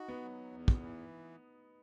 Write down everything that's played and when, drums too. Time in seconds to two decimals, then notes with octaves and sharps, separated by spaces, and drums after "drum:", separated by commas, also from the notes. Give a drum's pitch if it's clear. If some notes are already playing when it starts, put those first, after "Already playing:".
Already playing: D#4 F#4
0.08 B3
0.22 F#3
0.52 E2
0.68 drum: kick
0.82 E3